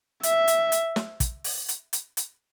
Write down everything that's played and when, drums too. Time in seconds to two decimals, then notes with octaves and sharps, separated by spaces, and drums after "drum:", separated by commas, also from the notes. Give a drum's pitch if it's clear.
0.23 E5, drum: hi-hat
0.48 drum: hi-hat
0.72 drum: hi-hat
0.96 drum: snare
1.20 drum: kick, hi-hat
1.44 drum: open hi-hat
1.69 drum: hi-hat
1.93 drum: hi-hat
2.17 drum: hi-hat